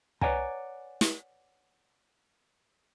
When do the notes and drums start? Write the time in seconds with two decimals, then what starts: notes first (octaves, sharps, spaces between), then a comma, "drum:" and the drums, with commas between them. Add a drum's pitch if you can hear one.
0.21 B4 C#5 D5 F#5 G#5 A#5, drum: kick
1.01 drum: snare